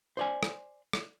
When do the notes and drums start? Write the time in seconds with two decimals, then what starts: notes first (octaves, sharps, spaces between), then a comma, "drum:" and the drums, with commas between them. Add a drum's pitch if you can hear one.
0.17 C5 D5 G#5
0.43 drum: rim click
0.93 drum: rim click